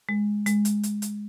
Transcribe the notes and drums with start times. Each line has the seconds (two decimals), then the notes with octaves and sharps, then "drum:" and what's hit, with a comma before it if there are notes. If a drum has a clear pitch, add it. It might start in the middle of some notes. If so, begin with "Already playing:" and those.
0.09 G#3
0.46 G#3, drum: hi-hat
0.65 drum: hi-hat
0.83 drum: hi-hat
1.02 drum: hi-hat